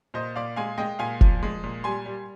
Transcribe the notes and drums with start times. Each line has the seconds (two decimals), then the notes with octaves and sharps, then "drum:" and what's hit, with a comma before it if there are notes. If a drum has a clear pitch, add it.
0.14 A#2 C5 D#5
0.36 A#2 D5 F5
0.56 G#3 F5 G#5
0.78 G#3 D#5 G5
0.99 A#2 F5 G#5
1.21 F3, drum: kick F1
1.43 G#3
1.63 A#2
1.84 G3 G#5 C6
2.06 G3